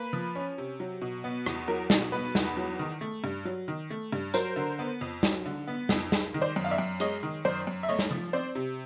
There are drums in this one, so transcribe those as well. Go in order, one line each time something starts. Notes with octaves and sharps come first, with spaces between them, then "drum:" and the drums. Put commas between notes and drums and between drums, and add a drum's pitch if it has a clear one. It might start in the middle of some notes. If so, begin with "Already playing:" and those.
Already playing: A#3 B4
F3
C#4
C3
F#3
B2
B3
E2, drum: rim click
F#3 A#4
B2, drum: snare
B3 B4
E2, drum: snare
F#3
D#3
A3
G2
F#3
D#3
A3
G2
F#3 A#4 C5, drum: tambourine
D3
B3
F2
F#3, drum: snare
D3
B3
F2, drum: snare
G#3, drum: snare
D#3
C5 D5
F#2
F5
D5 E5
F#2
G#3 C#5 D#5, drum: hi-hat
D#3
F#2 C5 D5
F#2
E5
A3 C#5 D#5
drum: snare
F3
C4 C5 D5
C3